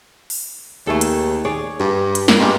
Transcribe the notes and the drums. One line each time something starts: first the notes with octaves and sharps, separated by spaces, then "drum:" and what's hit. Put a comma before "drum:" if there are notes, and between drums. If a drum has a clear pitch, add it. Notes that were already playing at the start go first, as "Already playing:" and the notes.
drum: open hi-hat
D#2 A3 G#4 A4
drum: hi-hat
G#4 C#5 D5
G2
drum: hi-hat
A#3, drum: snare
G2 G#3 A#3 G4